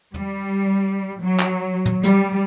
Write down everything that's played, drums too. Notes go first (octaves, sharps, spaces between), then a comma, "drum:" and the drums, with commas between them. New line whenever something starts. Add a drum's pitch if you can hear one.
G3, drum: tom
F#3
drum: clap
drum: tom
G3, drum: snare